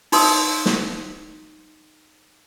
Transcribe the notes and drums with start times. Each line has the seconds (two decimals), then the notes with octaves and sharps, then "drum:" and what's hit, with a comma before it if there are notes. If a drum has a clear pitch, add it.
0.12 D#4 C6 D#6 E6, drum: open hi-hat
0.66 drum: snare